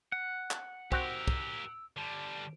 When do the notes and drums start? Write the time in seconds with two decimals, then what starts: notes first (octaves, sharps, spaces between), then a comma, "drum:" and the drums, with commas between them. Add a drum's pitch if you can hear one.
0.12 F#5
0.51 drum: clap
0.92 C4 F#4 G4 A#4 E6, drum: kick
1.28 drum: kick
1.96 D3 G3 A5